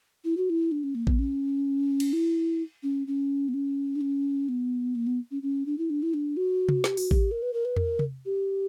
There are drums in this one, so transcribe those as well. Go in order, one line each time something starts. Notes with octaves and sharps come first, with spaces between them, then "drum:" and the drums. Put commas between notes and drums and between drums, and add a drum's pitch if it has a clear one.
E4
F#4
E4
D4
C#4
A#3
B3, drum: kick A1
C#4
drum: cymbal
E4
C#4
C#4
B3
C#4
D4
C#4
B3
A#3
B3
C#4
C#4
D4
E4
D4
E4
D4
F#4
drum: tom C3
G4, drum: snare
F#4, drum: open hi-hat
G4, drum: kick A1
A#4
B4
A#4
B4
A#4, drum: tom
drum: tom C3
G4